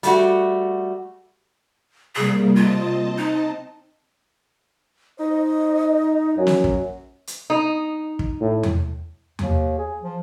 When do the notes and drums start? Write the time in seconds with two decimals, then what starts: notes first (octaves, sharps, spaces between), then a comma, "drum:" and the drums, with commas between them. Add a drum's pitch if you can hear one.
0.03 G3 A3 F#4, drum: hi-hat
2.16 C3 G3 A#3 G#4
2.55 C4 F4 D#5 A5
3.17 D#4
5.20 D#4 C5 D#5
6.37 F#2 F#3
6.47 drum: snare
6.64 drum: kick
7.27 drum: hi-hat
7.50 D#4
8.19 drum: kick
8.41 A2
8.63 drum: tom E2
9.39 D#2, drum: tom E2
9.78 G#4
10.02 F3